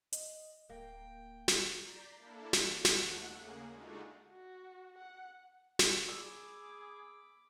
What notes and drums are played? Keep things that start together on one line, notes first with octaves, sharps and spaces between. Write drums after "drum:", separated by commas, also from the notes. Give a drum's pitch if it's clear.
D#5, drum: hi-hat
D1 A#3 G5
drum: snare
D5 A#5 G6 A6 B6 C7
A#3 D4 E4 A4
E3, drum: snare
D#2 A3 F#5 F#6, drum: snare
C#3 A#3 G#4
G#3 A3 D4 D#4 F4 F#4
F#4
F#5
drum: snare
G#4 B5 D6 E6